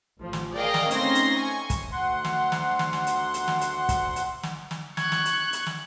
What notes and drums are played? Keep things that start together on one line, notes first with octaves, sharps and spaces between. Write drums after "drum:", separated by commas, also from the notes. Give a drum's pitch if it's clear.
A1 F3
drum: snare
G#4 A#4 D5 D#5 F5 G5
drum: snare
A3 C4 C#4 D#4 C6 A#6, drum: hi-hat
drum: hi-hat
G#5 C#6
drum: kick, hi-hat
D2 F#5 C6
drum: snare
drum: snare
drum: snare
drum: snare
drum: hi-hat
drum: hi-hat
drum: snare
drum: hi-hat
drum: kick, hi-hat
drum: hi-hat
drum: snare
drum: snare
C#6 F#6 G#6, drum: snare
drum: snare
drum: hi-hat
drum: hi-hat
drum: snare